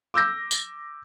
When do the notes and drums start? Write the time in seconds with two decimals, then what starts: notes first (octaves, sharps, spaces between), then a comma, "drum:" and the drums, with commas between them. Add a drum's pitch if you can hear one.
0.14 D6 E6 G6 A#6
0.51 drum: tambourine